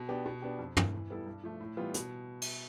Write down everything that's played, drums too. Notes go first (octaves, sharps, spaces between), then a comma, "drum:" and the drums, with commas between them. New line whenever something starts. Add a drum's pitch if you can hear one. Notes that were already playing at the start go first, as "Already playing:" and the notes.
Already playing: B2
B3 D4 G4
B2
B3 D4 G4
F2
E3 A3, drum: tom
E3
G3 B3 E4 A4
G2
F3 A3
A2
E3 G3 B3 F4
B2, drum: hi-hat
drum: cymbal